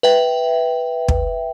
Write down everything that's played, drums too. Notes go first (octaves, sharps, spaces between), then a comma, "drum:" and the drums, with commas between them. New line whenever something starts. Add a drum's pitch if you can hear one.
B4 E5 G5
drum: kick